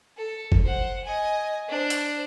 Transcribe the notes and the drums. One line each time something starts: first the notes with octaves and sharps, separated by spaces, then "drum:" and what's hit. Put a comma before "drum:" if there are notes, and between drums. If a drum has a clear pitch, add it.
A4
drum: kick F#1
C5 F#5
D#5 G#5
D4 C5
drum: hi-hat